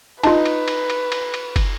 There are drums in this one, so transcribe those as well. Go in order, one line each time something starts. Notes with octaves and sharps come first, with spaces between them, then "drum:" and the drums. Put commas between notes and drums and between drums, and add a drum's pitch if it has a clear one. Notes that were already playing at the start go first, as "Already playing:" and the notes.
D#4 F4 B4 A5, drum: cymbal
drum: cymbal
drum: cymbal
drum: cymbal
drum: cymbal
drum: cymbal
drum: kick, cymbal